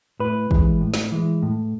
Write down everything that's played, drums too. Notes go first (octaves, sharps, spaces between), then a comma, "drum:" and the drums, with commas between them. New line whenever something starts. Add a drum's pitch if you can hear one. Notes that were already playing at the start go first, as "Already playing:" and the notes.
A2 B4
E3 G#3, drum: kick
A2
drum: snare
E3 G#3
A2